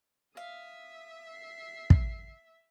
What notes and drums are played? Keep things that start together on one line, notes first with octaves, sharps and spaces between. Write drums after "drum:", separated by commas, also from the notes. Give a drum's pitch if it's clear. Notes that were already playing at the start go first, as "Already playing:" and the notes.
E5 F5 D#6
C7
drum: kick